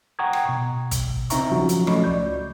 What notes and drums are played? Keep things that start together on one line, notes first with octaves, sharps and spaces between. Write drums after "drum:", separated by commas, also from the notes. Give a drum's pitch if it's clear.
F#5 G5 A#5 C#6 D#6 G#6
drum: rim click
B2
drum: kick, hi-hat
C#3 C4 D#4 E5 A#5 C#6, drum: hi-hat
F3 F#3 C#4 F4 F#4
drum: hi-hat
F3 A3 C#4 D#5 B5 C#6, drum: rim click
C#2 D5 G6